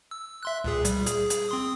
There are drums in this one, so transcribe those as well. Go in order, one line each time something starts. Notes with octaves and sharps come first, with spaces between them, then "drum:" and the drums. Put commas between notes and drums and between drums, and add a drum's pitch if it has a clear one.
E6
E5 C6 F#6
C#2 A#2 G#4
G3, drum: hi-hat
G#4, drum: hi-hat
drum: hi-hat
C4 C6 D#6